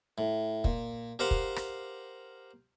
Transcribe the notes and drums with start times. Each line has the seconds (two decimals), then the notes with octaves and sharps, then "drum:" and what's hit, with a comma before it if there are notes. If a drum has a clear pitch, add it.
0.18 A2
0.64 A#2, drum: kick
1.19 G4 A#4 C5 F5 F#5
1.31 drum: kick
1.56 drum: rim click